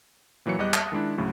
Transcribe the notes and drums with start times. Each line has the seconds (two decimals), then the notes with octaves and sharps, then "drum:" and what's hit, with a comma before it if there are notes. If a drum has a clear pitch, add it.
0.46 A#2 E3 F#3 C#5 C#7
0.59 E2 G3 G4 D#5 F#6
0.74 E5 D#6, drum: clap
0.92 D#3 G#3 D4 E4
1.18 D2 A2 C#3 F#3